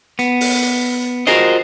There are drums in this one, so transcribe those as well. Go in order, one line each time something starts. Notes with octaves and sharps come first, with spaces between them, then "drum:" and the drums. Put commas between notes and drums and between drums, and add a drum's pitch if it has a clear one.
B3, drum: hi-hat
drum: open hi-hat
drum: hi-hat
F4 F#4 G#4 A#4 C5 D#5, drum: hi-hat